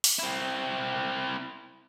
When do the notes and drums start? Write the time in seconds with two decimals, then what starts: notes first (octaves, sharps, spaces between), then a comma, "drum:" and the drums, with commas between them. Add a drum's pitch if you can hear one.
0.04 drum: open hi-hat
0.19 C4 E4